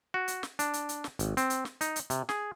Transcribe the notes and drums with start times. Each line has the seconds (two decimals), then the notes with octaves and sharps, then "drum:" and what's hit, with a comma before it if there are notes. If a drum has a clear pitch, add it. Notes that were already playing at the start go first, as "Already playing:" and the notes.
0.14 F#4
0.28 drum: hi-hat
0.43 drum: snare
0.59 D4, drum: hi-hat
0.74 drum: hi-hat
0.89 drum: hi-hat
1.04 drum: snare
1.19 G#1, drum: hi-hat
1.37 C4, drum: hi-hat
1.50 drum: hi-hat
1.65 drum: snare
1.81 D#4, drum: hi-hat
1.96 drum: hi-hat
2.10 C3, drum: hi-hat
2.29 G#4, drum: snare